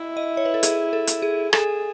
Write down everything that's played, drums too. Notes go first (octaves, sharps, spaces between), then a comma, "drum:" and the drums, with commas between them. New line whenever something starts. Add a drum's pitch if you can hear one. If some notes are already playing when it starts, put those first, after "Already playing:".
Already playing: E4 D#5 E5
D#5
C#5
B4
A4
G#4, drum: hi-hat
A4
drum: hi-hat
G#4
G#4 A4, drum: rim click